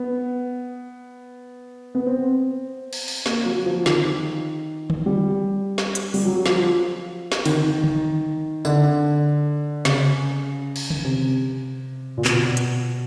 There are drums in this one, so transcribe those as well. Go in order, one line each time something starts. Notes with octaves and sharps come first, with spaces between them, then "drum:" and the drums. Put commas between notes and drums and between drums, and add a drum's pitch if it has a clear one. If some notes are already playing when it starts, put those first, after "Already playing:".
Already playing: B3
B3
C4
drum: cymbal
drum: cymbal
A#3, drum: snare
F#3
F3
D#3, drum: snare
drum: tom
G3
drum: snare
drum: hi-hat
G3, drum: open hi-hat
F#3
F3, drum: snare
drum: snare
D#3, drum: cymbal
drum: tom
D3, drum: tambourine
C#3, drum: snare
drum: cymbal
drum: tom
C3
A#2
B2, drum: clap
drum: hi-hat